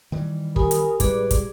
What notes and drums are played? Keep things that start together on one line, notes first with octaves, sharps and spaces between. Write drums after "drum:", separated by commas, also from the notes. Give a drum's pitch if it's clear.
D#3 E3 G3
G4 A#4 G#5 B5 D#6, drum: kick
drum: hi-hat
A2 G3 G#3 G#4 B4 D5 D6, drum: kick, hi-hat
drum: kick, hi-hat